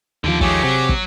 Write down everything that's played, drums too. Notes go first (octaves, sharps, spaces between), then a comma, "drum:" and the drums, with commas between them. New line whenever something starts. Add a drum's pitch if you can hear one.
D#2 D3 F3 G4
G#3 A3 G4 G#4 C#5, drum: kick
C3 F#3
drum: kick